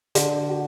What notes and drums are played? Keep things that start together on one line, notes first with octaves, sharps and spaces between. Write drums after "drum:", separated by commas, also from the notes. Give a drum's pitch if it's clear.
D3 D4, drum: hi-hat
F#4